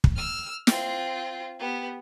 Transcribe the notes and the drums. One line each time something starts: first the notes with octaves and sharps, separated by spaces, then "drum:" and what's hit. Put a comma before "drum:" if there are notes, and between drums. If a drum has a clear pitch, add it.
drum: kick
E6 F6
C4 F4, drum: snare
B3 G4